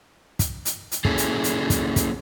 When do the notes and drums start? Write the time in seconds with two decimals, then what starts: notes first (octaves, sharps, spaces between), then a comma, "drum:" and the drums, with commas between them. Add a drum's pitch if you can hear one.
0.39 drum: kick, hi-hat
0.65 drum: hi-hat
0.92 drum: hi-hat
1.05 A#3 C#4 E4 G#4 A4, drum: kick
1.18 drum: hi-hat
1.44 drum: hi-hat
1.70 drum: kick, hi-hat
1.96 drum: kick, hi-hat